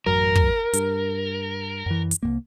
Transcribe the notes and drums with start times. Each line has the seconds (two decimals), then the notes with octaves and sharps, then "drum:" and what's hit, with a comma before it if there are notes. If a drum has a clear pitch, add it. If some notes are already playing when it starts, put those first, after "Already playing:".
0.06 A1 F#2 F#3 A#4
0.35 drum: kick
0.73 G2, drum: hi-hat
1.86 F#2 E3
2.11 drum: hi-hat
2.23 C2 F#2 A#3